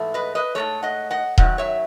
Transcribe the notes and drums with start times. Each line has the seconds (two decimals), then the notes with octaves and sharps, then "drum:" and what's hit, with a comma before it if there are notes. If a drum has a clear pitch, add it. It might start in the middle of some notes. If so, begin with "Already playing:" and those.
Already playing: G#2 E3 A3
0.14 B4 D#5
0.35 B4 D#5
0.55 G#2 D#3 A3 A4 C#5
0.83 D#5 F#5
1.11 D#5 F#5
1.38 F#2 D#3 F#3 F#5, drum: kick D#1
1.58 C#5 E5